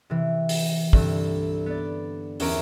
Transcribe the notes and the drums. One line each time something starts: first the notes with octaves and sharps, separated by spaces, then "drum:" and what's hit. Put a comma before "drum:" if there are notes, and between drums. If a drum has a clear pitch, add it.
C3 E3
drum: open hi-hat
C2 G2 D3, drum: kick
B3 D5
E2 C#4 G4 A#4 A#5 D7, drum: open hi-hat